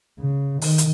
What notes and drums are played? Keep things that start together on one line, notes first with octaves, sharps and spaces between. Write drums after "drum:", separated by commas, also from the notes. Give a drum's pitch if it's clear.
C#3
D#3, drum: open hi-hat
drum: hi-hat